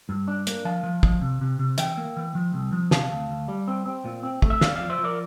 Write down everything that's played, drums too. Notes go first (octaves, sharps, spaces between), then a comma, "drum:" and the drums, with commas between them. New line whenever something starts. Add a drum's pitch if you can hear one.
G2
D4
A#3, drum: hi-hat
F3 F5 A5
F3
F3, drum: kick
C3
C3
C3
E3 E5 G5, drum: hi-hat
A#3
E3
F3
C2
F3
C3 F5 A5, drum: snare
D2
D2
G3
C4
C4
A#2
C4
A3, drum: kick
E5
E2 D5 F5, drum: snare
D5 F5
F3
C5 E5
F3
A#4 D5